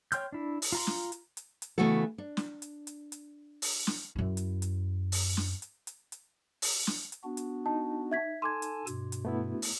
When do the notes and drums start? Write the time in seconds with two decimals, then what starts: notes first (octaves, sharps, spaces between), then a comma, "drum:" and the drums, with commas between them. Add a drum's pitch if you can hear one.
0.12 C#5 G5 C6 F6 G6, drum: hi-hat
0.32 D4 E4
0.62 drum: open hi-hat
0.72 F4 A#5 C6
0.87 drum: snare
1.12 drum: hi-hat
1.37 drum: hi-hat
1.62 drum: hi-hat
1.78 C#3 E3 A3 B3 F#4 A4
2.18 D4
2.37 drum: snare
2.62 drum: hi-hat
2.87 drum: hi-hat
3.12 drum: hi-hat
3.62 drum: open hi-hat
3.87 drum: snare
4.16 F#2 E4
4.37 drum: hi-hat
4.62 drum: hi-hat
5.12 drum: open hi-hat
5.37 drum: snare
5.62 drum: hi-hat
5.87 drum: hi-hat
6.12 drum: hi-hat
6.62 drum: open hi-hat
6.87 drum: snare
7.12 drum: hi-hat
7.24 B3 D4 F#4
7.37 drum: hi-hat
7.66 D#4 A5
8.12 E5 G#6 B6
8.42 A4 G#5 A5 C6 D6 G#6
8.62 drum: hi-hat
8.87 G2 B2, drum: hi-hat
9.12 drum: hi-hat
9.25 A3 B3 E4
9.62 drum: open hi-hat